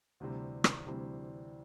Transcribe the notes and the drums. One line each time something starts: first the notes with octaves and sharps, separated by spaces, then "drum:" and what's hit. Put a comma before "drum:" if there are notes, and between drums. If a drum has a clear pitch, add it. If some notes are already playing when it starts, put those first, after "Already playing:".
D2 C3 E3 G3 C4
drum: rim click
D2 C3 E3 G3 C4